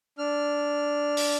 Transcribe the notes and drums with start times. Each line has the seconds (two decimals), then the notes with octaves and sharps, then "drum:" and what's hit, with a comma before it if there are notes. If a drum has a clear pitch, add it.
0.18 D4 F6
1.17 drum: open hi-hat